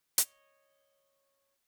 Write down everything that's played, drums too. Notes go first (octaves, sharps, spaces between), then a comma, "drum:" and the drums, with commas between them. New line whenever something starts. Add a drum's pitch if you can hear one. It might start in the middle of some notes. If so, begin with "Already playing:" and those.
C#5 D#5, drum: hi-hat